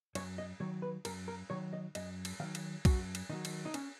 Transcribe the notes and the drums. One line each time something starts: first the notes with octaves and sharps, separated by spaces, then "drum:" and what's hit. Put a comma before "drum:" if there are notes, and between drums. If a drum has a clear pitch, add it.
F#2 C#5, drum: cymbal
D#5
D#3 F#3 C#5
B4
F#2 A#4, drum: cymbal
A#4
D#3 F#3 C#5
D#5
F#2 D#5, drum: cymbal
drum: cymbal
D#3 F#3 F5
drum: cymbal
F#2 F#4, drum: kick B1, cymbal
drum: cymbal
D#3 F#3 D#4
drum: cymbal
D#4
C#4, drum: cymbal